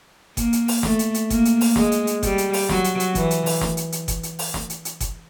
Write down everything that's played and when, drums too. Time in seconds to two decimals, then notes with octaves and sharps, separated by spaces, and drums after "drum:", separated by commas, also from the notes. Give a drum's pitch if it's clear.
0.37 A#3, drum: kick F#1, hi-hat
0.53 drum: hi-hat
0.68 drum: open hi-hat
0.83 A3, drum: snare
0.99 drum: hi-hat
1.14 drum: hi-hat
1.30 A#3, drum: kick F#1, hi-hat
1.45 drum: hi-hat
1.61 drum: open hi-hat
1.76 G#3, drum: snare
1.92 drum: hi-hat
2.07 drum: hi-hat
2.23 G3, drum: kick F#1, hi-hat
2.38 drum: hi-hat
2.53 drum: open hi-hat
2.69 F#3, drum: snare
2.84 drum: hi-hat
3.00 drum: hi-hat
3.15 E3, drum: kick F#1, hi-hat
3.31 drum: hi-hat
3.46 drum: open hi-hat
3.61 drum: snare
3.77 drum: hi-hat
3.92 drum: hi-hat
4.08 drum: kick F#1, hi-hat
4.23 drum: hi-hat
4.39 drum: open hi-hat
4.54 drum: snare
4.70 drum: hi-hat
4.85 drum: hi-hat
5.00 drum: kick F#1, hi-hat